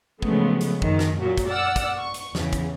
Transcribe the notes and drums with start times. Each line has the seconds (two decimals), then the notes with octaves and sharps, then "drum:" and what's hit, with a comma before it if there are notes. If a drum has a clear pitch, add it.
0.22 C#3 F3 F#3 G#3 A3 B3, drum: kick
0.61 drum: hi-hat
0.82 F#2 D#3, drum: kick
0.99 drum: snare
1.19 F#2 A#2 F#3
1.38 drum: kick, hi-hat
1.50 D5 F#5 E6 F6
1.76 drum: kick, hi-hat
1.99 C#6
2.14 drum: hi-hat
2.35 E2 C#3 E3, drum: snare
2.53 drum: kick, hi-hat